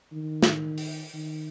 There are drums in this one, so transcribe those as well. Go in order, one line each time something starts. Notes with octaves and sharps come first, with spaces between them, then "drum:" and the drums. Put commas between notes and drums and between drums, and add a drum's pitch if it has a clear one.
D#3
drum: snare
drum: open hi-hat
D#3